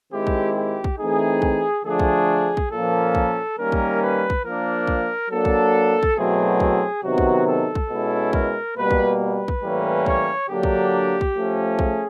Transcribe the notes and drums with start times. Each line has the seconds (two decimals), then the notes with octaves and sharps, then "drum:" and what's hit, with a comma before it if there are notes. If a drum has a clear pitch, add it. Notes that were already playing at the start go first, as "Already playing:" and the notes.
0.12 D#3 G#3 C4 E4 G4
0.27 drum: kick
0.55 G4
0.84 drum: kick
0.99 E3 A3 C4 D#4 G#4
1.42 drum: kick
1.85 D3 F3 A3 D4 G#4
1.99 drum: kick
2.57 drum: kick
2.71 A#2 F3 A#3 C#4 A4
3.15 drum: kick
3.57 D#3 G3 A#3 C#4 A#4
3.72 drum: kick
4.01 B4
4.30 drum: kick
4.44 F3 A#3 D4 A#4
4.87 drum: kick
5.30 F#3 A#3 D4 A4
5.45 drum: kick
6.03 drum: kick
6.17 B2 F#3 A3 C4 E4 G#4
6.60 drum: kick
7.03 C3 D#3 F#3 B3 D#4 F#4
7.18 drum: kick
7.47 A4
7.75 drum: kick
7.89 B2 G#3 C#4 E4
8.33 A#4, drum: kick
8.76 B2 G3 A#3 B4
8.91 drum: kick
9.19 B4
9.48 drum: kick
9.63 A2 E3 G3 A#3 C#4
10.06 C#5, drum: kick
10.48 D3 F#3 A#3 D4 G4
10.63 drum: kick
11.21 drum: kick
11.35 F3 A3 C#4
11.79 G#4, drum: kick